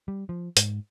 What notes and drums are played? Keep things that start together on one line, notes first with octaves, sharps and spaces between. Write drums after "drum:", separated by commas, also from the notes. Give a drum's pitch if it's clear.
G3
F3
G#2, drum: hi-hat